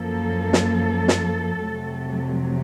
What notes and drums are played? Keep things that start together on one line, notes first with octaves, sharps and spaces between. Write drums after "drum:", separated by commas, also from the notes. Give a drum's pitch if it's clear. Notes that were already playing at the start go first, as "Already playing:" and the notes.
Already playing: F#2 F3 A#3 A4
drum: snare
drum: snare
F2 C3 F#3 A3